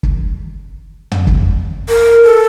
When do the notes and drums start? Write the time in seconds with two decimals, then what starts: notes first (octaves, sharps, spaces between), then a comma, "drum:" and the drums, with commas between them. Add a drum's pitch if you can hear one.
0.03 drum: kick
1.11 drum: tom
1.27 drum: kick
1.89 A#4
2.24 A4